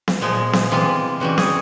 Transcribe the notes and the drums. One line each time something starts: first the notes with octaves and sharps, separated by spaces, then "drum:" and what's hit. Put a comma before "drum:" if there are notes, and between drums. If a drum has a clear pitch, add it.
drum: snare B3
A#2 F3 G#3
drum: snare B3
C3 E3 G#3 F4
C#3 E3 G3 F#4
G#4, drum: snare B3